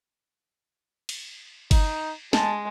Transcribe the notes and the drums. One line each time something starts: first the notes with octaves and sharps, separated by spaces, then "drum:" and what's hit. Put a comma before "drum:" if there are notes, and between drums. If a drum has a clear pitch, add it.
drum: cymbal
D#4, drum: kick G1, cymbal
G#3 A5, drum: snare